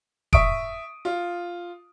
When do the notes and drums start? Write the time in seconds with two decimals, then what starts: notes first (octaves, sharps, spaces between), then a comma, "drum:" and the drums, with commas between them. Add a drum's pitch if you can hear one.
0.33 E5 C#6 D#6 D7, drum: kick E1
1.05 F4